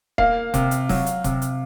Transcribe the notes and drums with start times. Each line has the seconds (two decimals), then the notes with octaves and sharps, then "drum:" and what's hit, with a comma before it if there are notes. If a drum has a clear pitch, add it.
0.18 A#3 F5, drum: kick D#1
0.54 C3, drum: kick D#1, hi-hat
0.71 drum: hi-hat
0.89 F#3, drum: kick D#1, open hi-hat
1.06 drum: hi-hat
1.24 C3, drum: kick D#1, hi-hat
1.42 drum: hi-hat